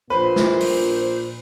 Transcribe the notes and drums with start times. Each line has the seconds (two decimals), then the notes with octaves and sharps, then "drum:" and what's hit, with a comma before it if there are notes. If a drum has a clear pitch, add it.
0.10 A#1 A#2 A#3 B4 C5
0.36 drum: snare
0.60 drum: open hi-hat